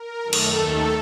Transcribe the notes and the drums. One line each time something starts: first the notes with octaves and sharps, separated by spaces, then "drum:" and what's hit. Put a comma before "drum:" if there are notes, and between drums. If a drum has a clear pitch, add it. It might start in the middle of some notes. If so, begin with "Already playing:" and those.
Already playing: A#4
F#2 D#3 A3 A4
drum: cymbal
D#2 D#3 A3